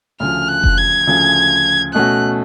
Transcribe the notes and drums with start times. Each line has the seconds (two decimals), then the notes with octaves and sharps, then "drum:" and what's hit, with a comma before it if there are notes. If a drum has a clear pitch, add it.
0.20 D2 C#3 F3 F6
0.49 F#6
0.64 drum: kick F1
0.78 G#6
1.07 D2 C#3 F3
1.94 B2 A3 C#4 F#4 F#6